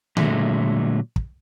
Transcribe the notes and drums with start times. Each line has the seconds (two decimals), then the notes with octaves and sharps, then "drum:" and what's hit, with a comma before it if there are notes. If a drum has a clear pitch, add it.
0.17 A#2 D3 F#3 G#3 A3, drum: tom D3
1.16 drum: kick